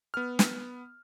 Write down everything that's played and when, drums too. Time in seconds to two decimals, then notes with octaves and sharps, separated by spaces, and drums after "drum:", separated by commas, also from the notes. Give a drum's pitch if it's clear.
0.14 B3 F6
0.39 drum: snare